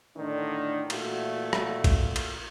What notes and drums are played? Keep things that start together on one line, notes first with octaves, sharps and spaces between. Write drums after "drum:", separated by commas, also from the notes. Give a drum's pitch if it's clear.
A2 D3 D#3 D4
A#2 E3 A3 F#4 F5, drum: cymbal
drum: rim click
drum: kick, cymbal
drum: cymbal